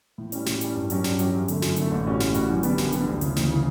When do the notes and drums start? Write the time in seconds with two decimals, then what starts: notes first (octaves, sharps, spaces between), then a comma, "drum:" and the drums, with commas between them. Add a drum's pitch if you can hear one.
0.18 A2
0.32 G3 C#4, drum: hi-hat
0.46 A2, drum: snare
0.61 G3 C#4, drum: hi-hat
0.76 G2
0.90 F#3 C#4 G4, drum: hi-hat
1.04 G2, drum: snare
1.19 F#3 C#4 G4, drum: hi-hat
1.33 F#2
1.48 D3 A3, drum: hi-hat
1.62 F#2, drum: snare
1.76 D3 A3, drum: hi-hat
1.91 A1
2.06 A2 G3 C#4 F#4
2.20 A1, drum: snare
2.34 A2 G3 C#4 F#4, drum: hi-hat
2.49 F#2
2.63 D3 G3 B3, drum: hi-hat
2.78 F#2, drum: snare
2.92 D3 G3 B3, drum: hi-hat
3.07 D2
3.21 C#3 E3, drum: hi-hat
3.36 D2, drum: snare
3.50 C#3 E3